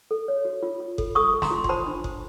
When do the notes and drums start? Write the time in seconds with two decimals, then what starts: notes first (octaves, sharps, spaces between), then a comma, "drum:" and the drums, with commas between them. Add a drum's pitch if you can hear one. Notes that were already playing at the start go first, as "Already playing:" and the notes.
0.11 A4
0.28 C#5
0.45 F#4
0.63 F4
0.80 F4
0.98 A4, drum: kick F#1
1.15 A4 C#6 D#6
1.34 A4
1.42 A#5 C6, drum: snare
1.51 F4
1.64 C6, drum: kick F#1
1.69 C5 A5 B5
1.86 D4
2.04 C5, drum: kick F#1